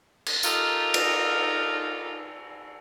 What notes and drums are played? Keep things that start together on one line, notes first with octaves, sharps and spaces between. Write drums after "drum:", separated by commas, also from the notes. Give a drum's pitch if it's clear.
drum: cymbal
D#4 F4 G4 A4 A#4, drum: tambourine
drum: cymbal